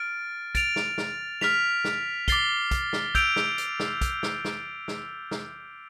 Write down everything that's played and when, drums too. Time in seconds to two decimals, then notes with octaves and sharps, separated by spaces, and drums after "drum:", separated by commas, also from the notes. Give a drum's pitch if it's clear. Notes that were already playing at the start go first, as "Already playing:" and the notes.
Already playing: F6 A6 D7
0.55 A6 D7 F7, drum: kick, hi-hat
0.76 drum: snare
0.98 drum: snare
1.41 F6 B6 F7, drum: snare
1.85 drum: snare
2.28 D6 A6 C7 G7, drum: kick, hi-hat
2.71 drum: kick, hi-hat
2.93 drum: snare
3.15 E6 G6 D7 F7, drum: kick, hi-hat
3.36 drum: snare
3.58 drum: hi-hat
3.80 drum: snare
4.01 drum: kick, hi-hat
4.23 drum: snare
4.45 drum: snare
4.88 drum: snare
5.31 drum: snare